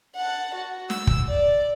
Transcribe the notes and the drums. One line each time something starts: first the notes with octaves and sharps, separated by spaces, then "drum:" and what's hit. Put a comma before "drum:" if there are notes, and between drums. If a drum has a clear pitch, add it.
F#5 A5
F#4
E6, drum: snare
drum: kick
D5